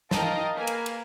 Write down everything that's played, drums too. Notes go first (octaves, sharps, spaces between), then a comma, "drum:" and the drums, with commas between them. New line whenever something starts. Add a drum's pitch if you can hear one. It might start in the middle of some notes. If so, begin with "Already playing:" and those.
A#4 D#5 F5 G5 A5 A#5, drum: snare
A#3 B4 G#5
drum: cymbal
drum: cymbal